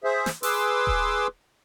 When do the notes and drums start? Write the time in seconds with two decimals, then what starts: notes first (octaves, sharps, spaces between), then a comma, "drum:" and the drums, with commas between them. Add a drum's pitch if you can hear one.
0.04 G#4 C5 E5
0.26 drum: snare
0.43 G#4 B4 C6 D6 E6, drum: open hi-hat
0.87 drum: kick D#1